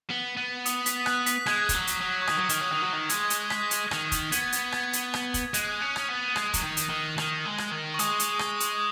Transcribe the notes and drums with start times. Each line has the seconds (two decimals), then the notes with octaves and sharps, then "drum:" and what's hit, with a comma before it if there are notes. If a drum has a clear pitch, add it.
0.10 B3
0.37 B3
0.66 D#6, drum: hi-hat
0.86 B6, drum: hi-hat
1.06 F#6, drum: rim click
1.26 B6, drum: hi-hat
1.46 G#3 G#6, drum: rim click
1.69 D#3, drum: kick, hi-hat
1.74 F#3
1.87 drum: hi-hat
2.01 F#3
2.22 C#6
2.27 D#3 D#6, drum: rim click
2.38 F#3
2.49 D#3, drum: hi-hat
2.61 F#3
2.72 D#3
2.82 F#3
2.93 D#3
3.09 G#3 G#6, drum: hi-hat
3.30 drum: hi-hat
3.50 B6, drum: rim click
3.71 drum: hi-hat
3.91 D#3 G#6 C#7, drum: rim click
4.12 drum: kick, hi-hat
4.32 B3 G#6, drum: hi-hat
4.52 drum: hi-hat
4.72 G#6, drum: rim click
4.93 drum: hi-hat
5.14 drum: rim click
5.34 drum: kick, hi-hat
5.54 G#3 F#6, drum: hi-hat
5.68 D#6
5.81 C#4 F#6
5.96 D#6, drum: rim click
6.08 B3
6.36 G#3, drum: rim click
6.54 F#3, drum: kick, hi-hat
6.63 D#3
6.77 drum: hi-hat
6.90 D#3
7.18 D#3, drum: rim click
7.45 G#3
7.58 drum: rim click
7.71 D#3
7.94 C#6
7.99 G#3 D#6, drum: hi-hat
8.19 drum: hi-hat
8.39 D#6, drum: rim click
8.60 drum: hi-hat